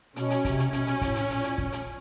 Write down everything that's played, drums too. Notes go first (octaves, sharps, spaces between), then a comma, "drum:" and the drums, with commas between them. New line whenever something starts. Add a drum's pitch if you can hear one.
B2 C#4, drum: hi-hat
drum: hi-hat
C3, drum: kick, hi-hat
drum: hi-hat
B2 C#4, drum: hi-hat
drum: hi-hat
A2, drum: kick, hi-hat
drum: hi-hat
A#2, drum: hi-hat
drum: hi-hat
drum: kick
drum: hi-hat